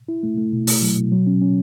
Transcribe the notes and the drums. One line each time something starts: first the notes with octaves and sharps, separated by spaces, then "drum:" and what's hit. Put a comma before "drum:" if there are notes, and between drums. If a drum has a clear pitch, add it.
E4
A3
A3
B2
A3, drum: open hi-hat
F#3
B2
F#3
C#4
C#4